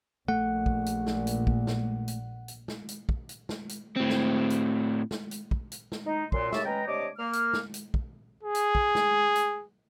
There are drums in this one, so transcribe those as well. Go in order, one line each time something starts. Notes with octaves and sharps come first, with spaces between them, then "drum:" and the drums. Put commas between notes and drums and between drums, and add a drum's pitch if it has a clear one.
A#1 A#2 A3 F#5
drum: kick
drum: hi-hat
drum: snare
drum: hi-hat
drum: kick
drum: snare
drum: hi-hat
drum: hi-hat
drum: snare
drum: hi-hat
drum: kick
drum: hi-hat
drum: snare
drum: hi-hat
A2 C4
drum: snare
drum: hi-hat
drum: snare
drum: hi-hat
drum: kick
drum: hi-hat
drum: snare
D#4
F#2 A#2 C6, drum: kick
D#2 C#3 G4 E5 A5 C#6, drum: snare
C#4 B4 D#5 G5 A#5
C3 D4 C#5 D#5 D6
A#3 F6
drum: hi-hat
drum: snare
drum: hi-hat
drum: kick
G#4
drum: hi-hat
drum: kick
drum: snare
drum: hi-hat